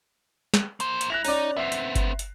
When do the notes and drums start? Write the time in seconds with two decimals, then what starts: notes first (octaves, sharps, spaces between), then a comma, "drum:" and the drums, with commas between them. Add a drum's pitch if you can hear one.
0.54 drum: snare
0.80 A#3 C5, drum: hi-hat
1.01 drum: hi-hat
1.10 E4 F#6 A#6 F7
1.25 C#4 D#4 D5, drum: open hi-hat
1.57 B3 C4 E5 C7
1.72 drum: hi-hat
1.96 drum: kick G1, hi-hat
2.19 drum: hi-hat